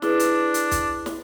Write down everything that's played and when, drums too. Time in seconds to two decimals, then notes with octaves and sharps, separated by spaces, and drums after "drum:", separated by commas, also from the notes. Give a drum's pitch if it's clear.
0.02 D4 E4 G#4 B4, drum: snare
0.19 drum: hi-hat
0.54 drum: hi-hat
0.71 drum: kick, hi-hat
1.06 drum: snare